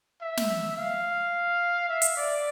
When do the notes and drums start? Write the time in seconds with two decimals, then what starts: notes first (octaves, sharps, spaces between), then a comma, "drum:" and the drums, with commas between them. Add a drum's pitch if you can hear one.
0.21 E5
0.37 drum: snare
0.77 F5
1.89 E5
2.02 drum: hi-hat
2.17 D5